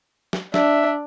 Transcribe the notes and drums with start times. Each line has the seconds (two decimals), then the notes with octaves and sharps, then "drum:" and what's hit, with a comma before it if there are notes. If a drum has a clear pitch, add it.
0.33 drum: snare
0.54 D4 E5, drum: snare